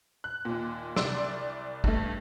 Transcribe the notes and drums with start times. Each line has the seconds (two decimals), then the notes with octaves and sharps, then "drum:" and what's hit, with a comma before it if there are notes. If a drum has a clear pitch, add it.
0.24 F#6
0.45 D#2 A#2
0.96 C2 D5 C6 E6 D7, drum: snare
1.84 G2 A3, drum: kick